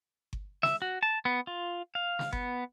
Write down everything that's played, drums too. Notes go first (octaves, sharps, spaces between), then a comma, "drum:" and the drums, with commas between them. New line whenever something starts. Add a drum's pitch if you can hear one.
drum: kick G1
E5, drum: snare
F#4
A5
B3
F4
F5
drum: snare
B3, drum: kick G1